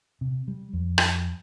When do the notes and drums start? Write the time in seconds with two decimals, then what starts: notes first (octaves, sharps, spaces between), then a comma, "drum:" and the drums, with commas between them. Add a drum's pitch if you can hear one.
0.21 C3
0.48 G3
0.73 F2
0.98 drum: rim click